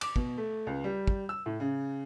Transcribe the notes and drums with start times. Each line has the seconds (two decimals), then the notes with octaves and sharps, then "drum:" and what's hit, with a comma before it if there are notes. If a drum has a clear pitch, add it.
0.01 D6, drum: cymbal
0.16 B2, drum: kick
0.37 A3
0.67 C#2
0.84 G3
1.08 drum: kick
1.29 E6
1.46 A2
1.60 C#3